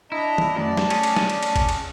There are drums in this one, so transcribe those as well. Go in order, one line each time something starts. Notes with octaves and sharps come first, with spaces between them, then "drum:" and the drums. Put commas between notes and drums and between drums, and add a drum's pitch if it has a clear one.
D4 E4 D#5 A#5
drum: tom
F#2 A3 D5 A5
drum: snare
C#4 G#4, drum: cymbal
drum: cymbal
drum: snare
drum: cymbal
drum: cymbal
drum: kick, cymbal
drum: cymbal